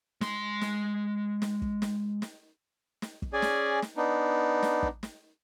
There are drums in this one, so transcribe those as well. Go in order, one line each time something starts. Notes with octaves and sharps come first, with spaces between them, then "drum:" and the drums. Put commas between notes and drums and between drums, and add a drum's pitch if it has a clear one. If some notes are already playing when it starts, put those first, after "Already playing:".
G#3 C6, drum: snare
drum: snare
drum: snare
drum: kick
drum: snare
drum: snare
drum: snare
drum: kick
C#4 G#4 D5 G#5
drum: snare
drum: snare
B3 D4 D#4
drum: snare
drum: kick
drum: snare